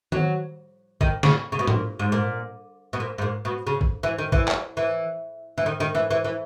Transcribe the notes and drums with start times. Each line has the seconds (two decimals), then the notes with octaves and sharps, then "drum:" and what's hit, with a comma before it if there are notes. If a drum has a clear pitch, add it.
0.12 F#3, drum: tom D#3
1.01 D#3, drum: kick
1.23 C#3, drum: snare
1.52 C#3
1.59 B2
1.67 A#2, drum: tom G#2
1.99 G#2
2.12 A#2
2.93 B2
3.00 A#2
3.18 G#2
3.22 A#2
3.45 B2
3.67 C#3
3.81 drum: kick
4.03 E3
4.18 D#3
4.32 E3, drum: kick
4.48 drum: clap
4.77 E3
5.58 E3
5.66 D#3
5.80 D#3
5.95 E3
6.11 E3
6.24 E3